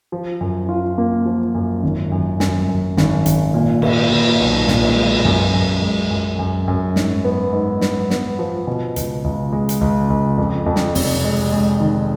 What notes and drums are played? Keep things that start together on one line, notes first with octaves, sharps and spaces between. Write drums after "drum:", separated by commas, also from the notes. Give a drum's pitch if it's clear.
F3
F#2
F4
A#3
F3
F#2
G#1
F#2
F#2, drum: snare
F#2
G#1, drum: snare
G#1, drum: hi-hat
A#2
A#2, drum: cymbal
A#2
B1
A#2, drum: snare
drum: cymbal
G#3
F#2, drum: tom
F#2
G#3
F#2
F#2
F#2
G#2, drum: snare
B3
G#2
B3, drum: snare
B3, drum: snare
F3
B2
C#2, drum: hi-hat
C#2
G#3
drum: hi-hat
C#2
C#2
F2
F2
drum: snare
F1, drum: open hi-hat
G#3
G#3
D#3